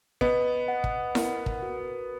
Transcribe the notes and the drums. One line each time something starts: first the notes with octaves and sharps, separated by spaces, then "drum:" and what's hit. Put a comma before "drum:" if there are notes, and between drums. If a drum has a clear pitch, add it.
B3 D#5, drum: kick
F#5
drum: kick
A#4, drum: snare E4
drum: kick
F#4